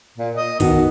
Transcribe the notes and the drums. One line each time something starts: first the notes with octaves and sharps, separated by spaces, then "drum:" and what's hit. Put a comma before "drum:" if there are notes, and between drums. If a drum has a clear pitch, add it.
A#2
D#5
B2 D#3, drum: kick, open hi-hat